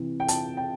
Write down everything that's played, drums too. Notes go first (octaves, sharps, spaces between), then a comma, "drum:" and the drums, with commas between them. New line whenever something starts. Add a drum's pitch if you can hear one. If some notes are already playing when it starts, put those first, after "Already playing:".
Already playing: C3 E3
G5
A5, drum: hi-hat
G5